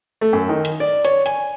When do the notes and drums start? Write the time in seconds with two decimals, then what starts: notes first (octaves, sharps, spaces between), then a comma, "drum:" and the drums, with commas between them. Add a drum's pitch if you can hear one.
0.21 A3
0.33 F#2
0.49 D#3
0.65 drum: hi-hat
0.80 D5
1.05 C#5, drum: hi-hat
1.26 G#5, drum: hi-hat